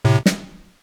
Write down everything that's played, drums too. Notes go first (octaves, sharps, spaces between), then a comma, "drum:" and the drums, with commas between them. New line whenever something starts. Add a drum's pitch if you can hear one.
A2 C3
drum: snare